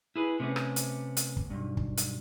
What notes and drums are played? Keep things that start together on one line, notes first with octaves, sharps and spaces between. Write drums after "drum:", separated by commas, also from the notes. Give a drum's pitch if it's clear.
E4 G#4 B4
C3 A3 B3 C#4
drum: rim click
drum: hi-hat
drum: hi-hat
drum: kick
B1 E2 G2
drum: kick
drum: hi-hat